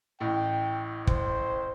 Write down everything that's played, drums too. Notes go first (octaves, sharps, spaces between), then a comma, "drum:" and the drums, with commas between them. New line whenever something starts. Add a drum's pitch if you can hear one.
A1 A2 G5
C5, drum: kick